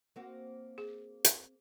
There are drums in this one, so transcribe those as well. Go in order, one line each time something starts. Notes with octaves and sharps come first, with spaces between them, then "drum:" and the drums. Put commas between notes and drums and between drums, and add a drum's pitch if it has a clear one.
A#3 C4 F#4
G#4
drum: hi-hat